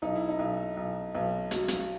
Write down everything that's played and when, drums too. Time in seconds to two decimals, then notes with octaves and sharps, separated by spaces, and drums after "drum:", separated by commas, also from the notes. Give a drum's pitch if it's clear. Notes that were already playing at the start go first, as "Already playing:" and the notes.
0.02 B1 D#4
0.15 E4
0.29 D#4
0.39 B1
0.77 B1
1.14 B1
1.51 F#3, drum: hi-hat
1.68 drum: hi-hat